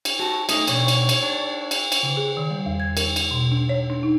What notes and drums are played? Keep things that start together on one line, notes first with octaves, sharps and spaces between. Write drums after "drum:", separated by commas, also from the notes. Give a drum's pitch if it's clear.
drum: cymbal
F#4 G4 A5
A3 D#4 D#6, drum: cymbal
B2 D4 C#5, drum: cymbal
drum: cymbal
drum: cymbal
D4
drum: cymbal
drum: cymbal
C#3
G#4
D#3
G3
E2
G#6
A#4, drum: cymbal
drum: cymbal
B2
D4
C#5
D4
D#4